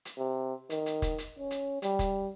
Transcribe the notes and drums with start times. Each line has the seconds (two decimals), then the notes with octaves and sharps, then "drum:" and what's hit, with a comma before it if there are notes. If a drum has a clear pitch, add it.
0.05 drum: hi-hat
0.18 C3
0.70 D#3, drum: hi-hat
0.86 drum: hi-hat
1.02 drum: kick, hi-hat
1.18 drum: hi-hat
1.38 C#4
1.51 drum: hi-hat
1.82 G3, drum: hi-hat
1.99 drum: kick, hi-hat